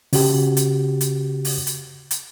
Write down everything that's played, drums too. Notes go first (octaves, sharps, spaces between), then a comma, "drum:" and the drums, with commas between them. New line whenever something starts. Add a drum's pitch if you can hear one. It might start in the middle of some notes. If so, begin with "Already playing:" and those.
C#3 F#4 G4, drum: open hi-hat
drum: hi-hat
drum: hi-hat
drum: open hi-hat
drum: hi-hat
drum: hi-hat